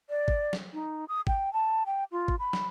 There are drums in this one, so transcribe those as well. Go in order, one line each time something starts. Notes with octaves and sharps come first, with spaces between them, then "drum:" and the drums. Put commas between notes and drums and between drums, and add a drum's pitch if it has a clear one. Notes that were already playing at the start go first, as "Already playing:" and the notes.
D5
drum: kick
drum: snare
D#4
D#6
G5, drum: kick
A5
G5
F4
drum: kick
B5
drum: snare